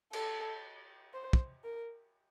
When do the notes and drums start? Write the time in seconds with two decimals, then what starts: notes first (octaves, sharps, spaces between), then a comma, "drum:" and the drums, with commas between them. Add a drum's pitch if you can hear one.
0.13 A4, drum: cymbal
1.14 C5
1.33 drum: kick
1.64 A#4